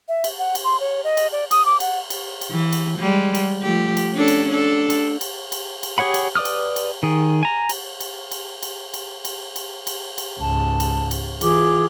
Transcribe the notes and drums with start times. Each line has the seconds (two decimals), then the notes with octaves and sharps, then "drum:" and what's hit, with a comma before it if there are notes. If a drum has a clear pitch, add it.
0.08 E5
0.24 drum: cymbal
0.39 F#5
0.55 drum: cymbal
0.64 C6
0.80 C#5
1.04 D#5
1.17 drum: cymbal
1.32 D5
1.51 D#6, drum: cymbal
1.66 D6
1.80 F#5, drum: cymbal
2.10 drum: cymbal
2.41 drum: cymbal
2.51 E3
2.72 drum: cymbal
2.99 G3 G#3
3.35 drum: cymbal
3.62 F3 A3 G4
3.97 drum: cymbal
4.14 C#4 D4 A4
4.28 drum: cymbal
4.50 D4 A4
4.90 drum: cymbal
5.21 drum: cymbal
5.52 drum: cymbal
5.83 drum: cymbal
5.98 G4 G#4 C#5 F#5 B5
6.14 drum: cymbal
6.35 B4 D5 D6 D#6 F6
6.45 drum: cymbal
6.76 drum: cymbal
7.03 D#3 G#4
7.43 G#5 A#5
7.69 drum: cymbal
8.00 drum: cymbal
8.31 drum: cymbal
8.63 drum: cymbal
8.94 drum: cymbal
9.25 drum: cymbal
9.56 drum: cymbal
9.87 drum: cymbal
10.18 drum: cymbal
10.40 C#2 G#2 A5
10.80 drum: cymbal
11.11 drum: cymbal
11.41 E3 F4 G#4 D6, drum: cymbal